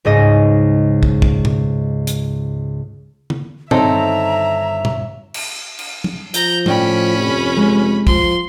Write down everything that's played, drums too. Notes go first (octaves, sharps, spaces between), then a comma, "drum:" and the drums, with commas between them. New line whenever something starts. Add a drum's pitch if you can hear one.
C#2 G#2 D#5
drum: kick
drum: kick
drum: tom A#2
drum: hi-hat
drum: tom D3
G1 D#3 C4 D#4 A4 C#5 E5 A#5, drum: tom A#2
drum: tom A#2
drum: cymbal
drum: cymbal
drum: tom F#3
F3 A#5 G6, drum: hi-hat
A2 C#4 D5 G5 B5, drum: tom F#3
F1
G#3
F3 C6, drum: kick